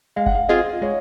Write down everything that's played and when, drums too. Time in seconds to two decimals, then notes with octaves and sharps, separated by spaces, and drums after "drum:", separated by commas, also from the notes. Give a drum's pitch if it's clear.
0.16 G#3 F5
0.26 F#5, drum: kick F#1
0.35 F5
0.49 C4 F4 G#4 D#5
0.82 G#3 C#5